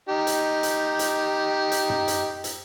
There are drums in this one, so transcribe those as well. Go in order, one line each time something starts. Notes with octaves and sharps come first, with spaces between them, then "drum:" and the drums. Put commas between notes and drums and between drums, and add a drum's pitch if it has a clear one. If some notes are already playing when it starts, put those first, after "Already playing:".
D#4 G4
drum: hi-hat
drum: hi-hat
drum: hi-hat
drum: hi-hat
drum: tom F#2
drum: hi-hat
drum: hi-hat